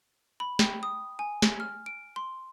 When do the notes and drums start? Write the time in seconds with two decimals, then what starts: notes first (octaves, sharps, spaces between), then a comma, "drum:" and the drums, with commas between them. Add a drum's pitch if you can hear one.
0.40 B5
0.59 G5, drum: snare
0.83 D#6
1.19 G#5
1.42 drum: snare
1.60 F6
1.86 D7
2.16 C6